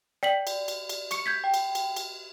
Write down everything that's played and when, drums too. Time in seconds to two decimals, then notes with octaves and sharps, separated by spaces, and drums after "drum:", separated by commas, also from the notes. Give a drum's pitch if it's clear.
0.23 D5 G5 B6 F#7
0.47 drum: cymbal
0.68 drum: cymbal
0.89 drum: cymbal
1.11 C#6 C#7, drum: cymbal
1.26 G6 G#6 B6
1.44 G5
1.54 drum: cymbal
1.75 drum: cymbal
1.96 drum: cymbal